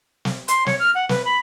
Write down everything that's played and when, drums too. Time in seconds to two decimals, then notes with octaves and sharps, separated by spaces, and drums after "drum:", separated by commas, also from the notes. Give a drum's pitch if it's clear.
0.25 drum: snare
0.48 C6, drum: hi-hat
0.66 C#5, drum: snare
0.79 F6
0.95 F#5
1.09 B4, drum: snare
1.25 B5